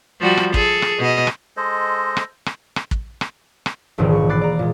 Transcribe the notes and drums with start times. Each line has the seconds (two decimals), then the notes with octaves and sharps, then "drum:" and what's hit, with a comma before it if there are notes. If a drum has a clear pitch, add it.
0.20 F3 G3 F#4
0.37 drum: rim click
0.54 G#4 A4, drum: kick
0.82 drum: rim click
0.98 B2 D#5
1.27 drum: rim click
1.57 G#3 A4 C5 D#5
2.17 drum: rim click
2.46 drum: rim click
2.76 drum: rim click
2.91 drum: kick
3.21 drum: rim click
3.66 drum: rim click
3.98 E1 A#1 G#2 D#3 E3
4.12 C#6
4.29 B5 D6 F#6 A6 C7
4.41 D5 A#5
4.59 A#2 G#3